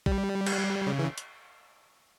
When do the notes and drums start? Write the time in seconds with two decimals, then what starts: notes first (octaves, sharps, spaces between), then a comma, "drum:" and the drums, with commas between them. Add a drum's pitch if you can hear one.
0.06 G3, drum: kick
0.46 drum: cymbal
0.87 C#3
0.99 E3
1.18 drum: hi-hat